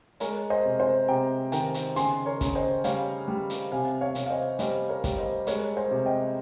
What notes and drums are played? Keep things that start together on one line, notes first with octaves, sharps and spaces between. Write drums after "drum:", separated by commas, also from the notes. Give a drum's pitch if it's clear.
G#3 A#4 C#5, drum: hi-hat
C5 D#5
C3
C5 D#5
C3 G5 A#5
D#3 G5 A#5, drum: hi-hat
drum: hi-hat
C#3 G#5 C6, drum: hi-hat
A#4 C#5
C#3, drum: kick, hi-hat
C5 D#5
G3 C#5 F5, drum: hi-hat
G3
drum: hi-hat
C3 F5 G#5
C#5 F5
C3, drum: hi-hat
F5
C5 D#5
G3 C5 D#5, drum: hi-hat
A#4 C#5
G3, drum: kick, hi-hat
C5 D#5
G#3 A#4 C#5, drum: hi-hat
C5 D#5
C3
D#5 G5